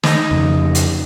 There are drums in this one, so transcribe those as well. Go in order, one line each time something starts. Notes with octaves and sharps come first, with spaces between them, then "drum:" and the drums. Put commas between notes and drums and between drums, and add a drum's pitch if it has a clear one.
D#4, drum: snare
F2 C#3
drum: hi-hat